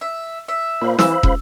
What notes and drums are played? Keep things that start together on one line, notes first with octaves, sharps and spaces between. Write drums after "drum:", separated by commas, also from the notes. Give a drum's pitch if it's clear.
E5
E5
A#2 C5 F5 B5
E3 E6, drum: snare
C#2, drum: kick